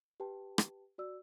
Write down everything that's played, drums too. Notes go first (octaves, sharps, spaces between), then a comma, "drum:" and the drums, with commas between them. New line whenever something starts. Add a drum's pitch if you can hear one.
G4 B4 G5 A5
drum: rim click
F#4 D5 E6